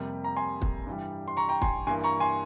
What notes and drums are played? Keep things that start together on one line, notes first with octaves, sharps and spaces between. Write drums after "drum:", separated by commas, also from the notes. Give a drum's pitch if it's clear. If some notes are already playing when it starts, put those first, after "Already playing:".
Already playing: F2 C3 G3 A#3
A#5
G#5 C6
drum: kick
G2 E3 G3
C6
A#5 C#6
G5 A#5
G#5 C6, drum: kick
G2 E3 A#3 G#5 C6
A#5 C#6
G#5 C6